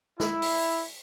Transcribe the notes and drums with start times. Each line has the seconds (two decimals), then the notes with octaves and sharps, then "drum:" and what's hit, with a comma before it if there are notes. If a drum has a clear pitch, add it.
0.20 E4, drum: snare
0.42 drum: open hi-hat